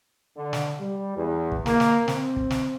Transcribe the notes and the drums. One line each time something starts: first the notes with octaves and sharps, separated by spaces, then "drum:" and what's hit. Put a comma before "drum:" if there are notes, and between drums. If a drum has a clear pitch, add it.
D3
drum: snare
G3
E2
drum: kick
A#3, drum: snare
drum: snare
C4, drum: snare
drum: kick
drum: snare